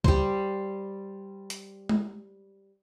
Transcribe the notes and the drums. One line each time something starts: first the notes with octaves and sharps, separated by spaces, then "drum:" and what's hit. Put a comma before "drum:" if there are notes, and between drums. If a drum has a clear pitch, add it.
G3 C5, drum: kick
drum: hi-hat
drum: tom G#3